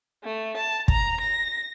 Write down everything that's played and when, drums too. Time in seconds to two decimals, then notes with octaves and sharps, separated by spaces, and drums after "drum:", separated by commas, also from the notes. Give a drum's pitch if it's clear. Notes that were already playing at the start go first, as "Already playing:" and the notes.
0.23 A3
0.56 A5
0.88 A#5, drum: kick
1.20 A#6